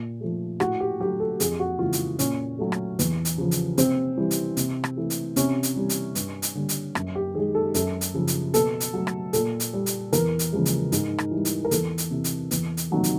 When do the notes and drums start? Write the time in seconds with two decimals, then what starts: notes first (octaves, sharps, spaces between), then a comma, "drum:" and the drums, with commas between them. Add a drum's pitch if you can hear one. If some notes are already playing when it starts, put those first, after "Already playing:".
Already playing: A#2
0.21 F3 A3
0.60 A2 F#4, drum: rim click
0.80 G4
1.00 F#3 A3 G4
1.20 A4
1.40 F2 G#4, drum: hi-hat
1.59 F#4
1.79 C#3 E3 G#3 F4
1.93 drum: hi-hat
2.19 A#2 C#4, drum: hi-hat
2.59 F#3 A3
2.72 drum: rim click
2.99 E2, drum: hi-hat
3.25 drum: hi-hat
3.38 C#3 F3
3.51 drum: hi-hat
3.78 C3 C4, drum: hi-hat
4.17 E3 G3
4.31 drum: hi-hat
4.57 C3, drum: hi-hat
4.84 drum: rim click
4.97 E3 A3
5.10 drum: hi-hat
5.36 C3 C#4, drum: hi-hat
5.63 drum: hi-hat
5.76 E3 G3
5.89 drum: hi-hat
6.15 G2, drum: hi-hat
6.42 drum: hi-hat
6.55 D3 G3
6.69 drum: hi-hat
6.95 F#2, drum: rim click
7.15 G4
7.34 D#3 G#3 G#4
7.55 A4
7.74 F#2 A4, drum: hi-hat
8.01 drum: hi-hat
8.14 C#3 F3
8.27 drum: hi-hat
8.54 B2 A4, drum: hi-hat
8.80 drum: hi-hat
8.94 F#3 A3
9.07 drum: rim click
9.33 A#2 A4, drum: hi-hat
9.60 drum: hi-hat
9.73 G3
9.86 drum: hi-hat
10.13 E2 A#4, drum: hi-hat
10.39 drum: hi-hat
10.53 C#3 F3 G#3
10.66 drum: hi-hat
10.92 G#2, drum: hi-hat
11.18 drum: rim click
11.31 E3 G3
11.45 drum: hi-hat
11.65 A#4
11.71 E2 A4, drum: hi-hat
11.98 drum: hi-hat
12.11 C3 E3
12.24 drum: hi-hat
12.51 E2, drum: hi-hat
12.77 drum: hi-hat
12.91 C3 D#3 F#3 A3
13.04 drum: hi-hat